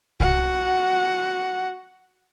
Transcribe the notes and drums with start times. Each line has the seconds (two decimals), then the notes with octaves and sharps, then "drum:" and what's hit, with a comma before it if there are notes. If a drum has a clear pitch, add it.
0.20 F#4 F#5, drum: kick C2